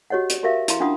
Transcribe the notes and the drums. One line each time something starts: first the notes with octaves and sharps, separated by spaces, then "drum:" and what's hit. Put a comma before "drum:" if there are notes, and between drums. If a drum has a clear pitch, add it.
F#4 G4 C#5 D#5 F#5
drum: hi-hat
F#4 G4 A#4 E5 F5
E4 F5 C6, drum: hi-hat
C#4 D4 F4 F#5 C6 D#6